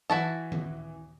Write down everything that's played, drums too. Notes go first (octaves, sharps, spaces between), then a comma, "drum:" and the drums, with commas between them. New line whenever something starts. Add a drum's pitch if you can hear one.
E3 E4 F#4 A5
drum: tom D#3